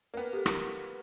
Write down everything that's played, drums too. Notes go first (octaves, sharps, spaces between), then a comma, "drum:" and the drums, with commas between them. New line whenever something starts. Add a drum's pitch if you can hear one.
A#3 B3
G4 A4
drum: rim click